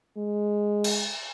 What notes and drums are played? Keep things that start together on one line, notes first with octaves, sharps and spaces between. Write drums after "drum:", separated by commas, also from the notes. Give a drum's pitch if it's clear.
G#3
drum: cymbal